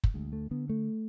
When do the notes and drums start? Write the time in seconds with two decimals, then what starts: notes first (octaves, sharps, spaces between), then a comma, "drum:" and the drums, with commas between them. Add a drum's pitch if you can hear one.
0.04 drum: kick
0.14 D2 G#3
0.33 A3
0.51 D3 B3
0.69 A3